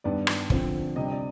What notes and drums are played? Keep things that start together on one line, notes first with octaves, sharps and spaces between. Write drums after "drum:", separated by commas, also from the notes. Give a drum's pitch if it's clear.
G2 D#3 B3 D5
drum: rim click
D3 F3 C4, drum: kick
C3 G3 D4 D#5
D5